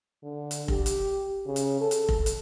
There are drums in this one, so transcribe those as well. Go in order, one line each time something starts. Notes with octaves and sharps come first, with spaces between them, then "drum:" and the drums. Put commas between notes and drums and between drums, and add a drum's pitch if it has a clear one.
D3
drum: hi-hat
G4, drum: kick F1
drum: hi-hat
C#3
drum: hi-hat
A4
drum: hi-hat
drum: kick F1
drum: hi-hat